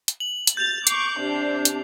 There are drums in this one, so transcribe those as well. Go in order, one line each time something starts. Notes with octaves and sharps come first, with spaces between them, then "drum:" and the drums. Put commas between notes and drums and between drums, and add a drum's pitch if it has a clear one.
drum: hi-hat
F#7
drum: hi-hat
G6 A6 F7
C#6 D6 C7, drum: hi-hat
C3 D4
drum: hi-hat